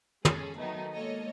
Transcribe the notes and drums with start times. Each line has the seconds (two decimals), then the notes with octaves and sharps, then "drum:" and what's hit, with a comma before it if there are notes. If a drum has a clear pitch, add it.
0.25 G#3 C#4 G#4 A4, drum: tom
0.57 D#3 F#3 A3 B3 D#4
0.93 G#3 A#3 A4 C#5 D#5